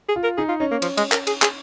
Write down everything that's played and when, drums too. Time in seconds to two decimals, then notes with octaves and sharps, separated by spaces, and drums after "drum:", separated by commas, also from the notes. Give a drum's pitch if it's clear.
0.09 G#4
0.16 F4
0.24 A#4
0.37 D#4 G#4
0.49 F4
0.60 C#4 D#4
0.71 A#3
0.82 F3, drum: cymbal
0.97 G#3, drum: cymbal
1.12 A#4, drum: clap
1.27 G#4, drum: cymbal
1.42 G#4, drum: clap